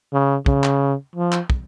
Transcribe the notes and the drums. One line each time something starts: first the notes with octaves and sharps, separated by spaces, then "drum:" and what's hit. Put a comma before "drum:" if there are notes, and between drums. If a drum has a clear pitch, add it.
C#3
C#3, drum: kick
drum: clap
F3
drum: clap
drum: kick